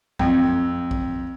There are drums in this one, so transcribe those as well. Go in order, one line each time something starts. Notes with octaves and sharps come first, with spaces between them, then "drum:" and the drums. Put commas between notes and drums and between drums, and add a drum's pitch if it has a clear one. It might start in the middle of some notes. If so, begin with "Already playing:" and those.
F2, drum: kick
drum: kick